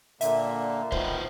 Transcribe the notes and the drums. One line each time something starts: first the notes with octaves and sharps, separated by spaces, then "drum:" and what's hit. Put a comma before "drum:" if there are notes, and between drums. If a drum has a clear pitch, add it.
A#2 D3 A#3 E5, drum: hi-hat
D#3 B3 F4 B4 C5, drum: kick